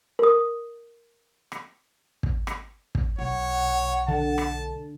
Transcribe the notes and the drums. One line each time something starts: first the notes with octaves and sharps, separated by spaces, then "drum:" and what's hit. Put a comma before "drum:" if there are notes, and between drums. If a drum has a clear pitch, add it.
A#4 D#6
drum: rim click
drum: kick
drum: rim click
drum: kick
B1 C#5 F#5
D3 A5
drum: rim click